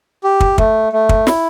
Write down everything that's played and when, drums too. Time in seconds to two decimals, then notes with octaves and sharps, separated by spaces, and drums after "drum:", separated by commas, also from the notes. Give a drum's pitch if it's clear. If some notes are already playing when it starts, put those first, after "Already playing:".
0.24 G4
0.40 drum: kick
0.58 A3, drum: kick
0.93 A3
1.09 drum: kick
1.27 E4, drum: snare